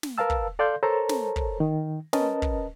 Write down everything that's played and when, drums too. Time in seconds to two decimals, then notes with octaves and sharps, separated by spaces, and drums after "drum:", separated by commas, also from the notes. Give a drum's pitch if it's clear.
0.03 drum: snare
0.18 A#4 B4 F5 A5 E6
0.30 drum: kick
0.59 A4 D5 F5 C6 G6
0.83 A4 A#4 C5 C#5 A5 A#5
1.09 drum: snare
1.36 drum: kick
1.60 D#3
2.13 C#4 A#4 B4 D#5 A5, drum: snare
2.42 drum: kick